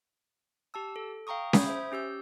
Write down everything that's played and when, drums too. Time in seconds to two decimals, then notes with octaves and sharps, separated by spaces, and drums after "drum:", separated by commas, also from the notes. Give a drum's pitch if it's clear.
0.74 G4 A5 E6
0.96 A4
1.27 F5 G5 A#5 C#6 D#6
1.53 B5 D#6 G6 G#6, drum: snare C#4
1.66 C5 E5
1.92 C#4 G4 E6 G6